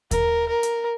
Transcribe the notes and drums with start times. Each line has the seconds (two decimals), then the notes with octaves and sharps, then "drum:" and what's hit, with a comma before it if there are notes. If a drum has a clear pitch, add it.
0.11 A#4, drum: kick D#2, hi-hat
0.49 A#4
0.63 drum: hi-hat